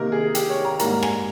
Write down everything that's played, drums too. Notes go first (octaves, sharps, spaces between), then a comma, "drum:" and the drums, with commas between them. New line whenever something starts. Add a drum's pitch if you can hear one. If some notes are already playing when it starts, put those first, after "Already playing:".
Already playing: C3 D#3 A#3 A#4
G#4
G4, drum: hi-hat
C#5
A#5
G#2 G3 A#3 A#5, drum: hi-hat
G#5, drum: rim click